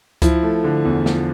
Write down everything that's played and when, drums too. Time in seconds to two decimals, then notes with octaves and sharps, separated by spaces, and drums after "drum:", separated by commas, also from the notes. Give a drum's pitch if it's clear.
0.22 F3 E4, drum: kick C#2, hi-hat
0.43 A3
0.64 D3
0.85 E2
1.06 F3, drum: snare